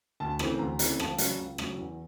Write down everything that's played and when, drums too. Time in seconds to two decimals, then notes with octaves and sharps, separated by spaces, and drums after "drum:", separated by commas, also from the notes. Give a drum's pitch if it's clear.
0.20 D2 A5
0.39 C#3 E3 A3 C4, drum: rim click
0.59 D2 A#5
0.79 C#3 E3 A3 C4, drum: hi-hat
0.99 C#2 A5, drum: rim click
1.18 C#3 F#3, drum: hi-hat
1.38 C#2
1.58 C#3 F#3, drum: rim click
1.78 E2